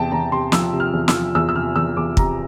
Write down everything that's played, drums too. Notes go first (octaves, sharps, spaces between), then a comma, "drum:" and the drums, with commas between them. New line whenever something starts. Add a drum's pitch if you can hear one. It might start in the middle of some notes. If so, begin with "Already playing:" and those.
Already playing: E2 C3 G5 A5
E2 A#5
C3 C6
F3 E6, drum: snare
C3
F6
E2
E6, drum: snare
F3
E2 E6
E6
C3 F6
E2 E6
E2 D6
C3 A#5, drum: kick